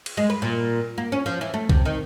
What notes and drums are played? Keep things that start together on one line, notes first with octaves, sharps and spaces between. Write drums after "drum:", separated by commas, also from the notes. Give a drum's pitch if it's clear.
drum: cymbal
G#3
B4
A#2
A#3
C#4
F3
E3
A3
C3, drum: kick C2
D#3